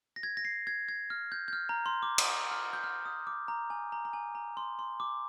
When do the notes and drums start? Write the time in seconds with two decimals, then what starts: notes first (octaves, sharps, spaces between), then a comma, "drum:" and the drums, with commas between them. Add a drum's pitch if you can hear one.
0.16 A#6
0.23 G#6
0.37 A#6
0.45 C7
0.67 G#6
0.88 G#6
1.10 F6
1.32 G6
1.48 G6
1.53 F6
1.69 A#5
1.86 C6
2.03 D6
2.18 D#6, drum: cymbal
2.51 F6
2.73 G6
2.84 F6
3.05 D#6
3.27 D6
3.48 A#5
3.70 G#5
3.92 A#5
4.05 A#5
4.13 G#5
4.35 A#5
4.57 C6
4.79 C6
5.00 D6